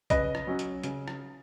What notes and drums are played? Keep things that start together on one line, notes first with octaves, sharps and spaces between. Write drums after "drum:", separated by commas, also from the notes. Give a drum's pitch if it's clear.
C#3 B4 D#5, drum: kick, hi-hat
drum: rim click
F#3 C#4
drum: hi-hat
C#3, drum: hi-hat
drum: rim click